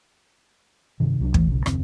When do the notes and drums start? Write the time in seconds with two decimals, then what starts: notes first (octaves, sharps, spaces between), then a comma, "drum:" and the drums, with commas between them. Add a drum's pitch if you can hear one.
1.00 G2 C3 D#3
1.20 C2 F#3 C#4 D4
1.34 G#1 G#2 E3 A3, drum: kick
1.47 B1 C#3
1.66 F#1 D#2 C#3 C4, drum: rim click